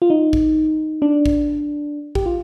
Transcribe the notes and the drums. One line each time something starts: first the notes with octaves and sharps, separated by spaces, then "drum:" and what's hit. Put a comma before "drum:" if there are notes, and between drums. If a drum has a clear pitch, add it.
F4
D#4
drum: kick
D4
drum: kick
G4, drum: kick
F4